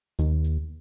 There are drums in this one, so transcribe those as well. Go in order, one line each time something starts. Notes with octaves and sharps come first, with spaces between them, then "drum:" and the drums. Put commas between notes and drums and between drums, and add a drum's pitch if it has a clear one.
D#2, drum: hi-hat
drum: hi-hat